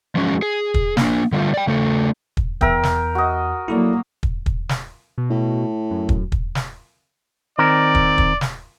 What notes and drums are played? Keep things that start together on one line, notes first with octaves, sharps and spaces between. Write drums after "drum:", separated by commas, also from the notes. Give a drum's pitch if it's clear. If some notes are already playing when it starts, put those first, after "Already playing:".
F3 F#3 G#3 C#4 E4 F#4
G#4
drum: kick
A#3 D4, drum: snare
D3 G3 A3 F4
D5 G5
C#3 A3 A4
drum: kick
E2 A#4 E5 G5, drum: kick
drum: snare
F#4 D#5
F#3 A#3 E4 A4 D5
drum: kick
drum: kick
drum: snare
B2
A2
F#2
drum: kick
drum: kick
drum: snare
D#3 C4 A#4 D5
drum: kick
drum: kick
drum: snare